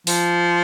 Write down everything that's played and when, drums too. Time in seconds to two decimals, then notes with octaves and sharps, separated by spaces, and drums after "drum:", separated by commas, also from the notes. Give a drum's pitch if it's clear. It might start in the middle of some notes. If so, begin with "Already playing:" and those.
0.07 F3, drum: open hi-hat